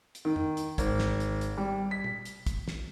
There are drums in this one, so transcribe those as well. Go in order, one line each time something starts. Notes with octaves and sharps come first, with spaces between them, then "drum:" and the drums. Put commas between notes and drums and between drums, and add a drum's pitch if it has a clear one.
drum: hi-hat
D#3
drum: tom F2
drum: hi-hat
G#1, drum: kick, hi-hat
drum: snare
drum: hi-hat
drum: hi-hat
G3
B6
drum: tom
drum: hi-hat
drum: kick, hi-hat
drum: snare